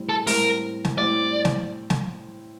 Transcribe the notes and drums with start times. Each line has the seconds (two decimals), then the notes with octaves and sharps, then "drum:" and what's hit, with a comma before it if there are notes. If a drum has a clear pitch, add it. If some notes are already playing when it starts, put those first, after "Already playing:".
Already playing: A2 G3 C4
0.09 A4
0.27 A2 G3 C4 A#4, drum: open hi-hat
0.85 drum: snare
0.98 A2 G3 C4 D5
1.45 drum: snare
1.90 drum: snare